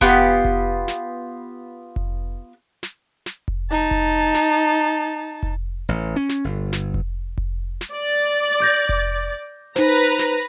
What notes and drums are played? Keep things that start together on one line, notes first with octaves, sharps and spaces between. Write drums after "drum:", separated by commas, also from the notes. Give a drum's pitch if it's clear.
B3 F4 G4, drum: kick F1
drum: kick F1
drum: snare
drum: kick F1
drum: snare
drum: snare
drum: kick F1
D#4 A5
drum: kick F1
drum: snare
drum: kick F1
A1
C#4
drum: snare
G1
drum: snare
drum: kick F1
drum: kick F1
drum: snare
D5
D6 G6 A#6
drum: kick F1
D#4 B4 C5 A#5, drum: snare
drum: snare